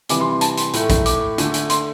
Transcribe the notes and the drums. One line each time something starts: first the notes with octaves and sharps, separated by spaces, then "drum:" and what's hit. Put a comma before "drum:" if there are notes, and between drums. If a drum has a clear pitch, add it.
C3 E3 G3 D6, drum: hi-hat
C6
C6
A5, drum: hi-hat
C6, drum: hi-hat
A2 A3, drum: hi-hat
drum: kick, hi-hat
D6, drum: hi-hat
D3 A3, drum: hi-hat
drum: hi-hat
C6, drum: hi-hat